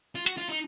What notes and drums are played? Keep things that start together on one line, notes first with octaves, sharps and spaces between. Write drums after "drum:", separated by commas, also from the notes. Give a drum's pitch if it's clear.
F4
F#4, drum: hi-hat
F4
D#4